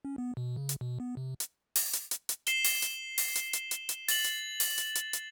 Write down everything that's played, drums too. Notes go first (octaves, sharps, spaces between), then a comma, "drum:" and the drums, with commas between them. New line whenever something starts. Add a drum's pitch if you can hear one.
C#4
B3
B2
C#3
drum: hi-hat
B2
B3
C3
drum: hi-hat
drum: open hi-hat
drum: hi-hat
drum: hi-hat
drum: hi-hat
C7 E7 G7, drum: hi-hat
drum: open hi-hat
drum: hi-hat
drum: open hi-hat
drum: hi-hat
drum: hi-hat
drum: hi-hat
drum: hi-hat
A6 F#7, drum: open hi-hat
drum: hi-hat
drum: open hi-hat
drum: hi-hat
drum: hi-hat
drum: hi-hat